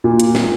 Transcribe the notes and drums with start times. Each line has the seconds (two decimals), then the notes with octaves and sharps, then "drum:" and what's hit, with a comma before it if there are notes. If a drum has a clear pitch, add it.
0.04 A#2
0.20 drum: hi-hat
0.35 drum: snare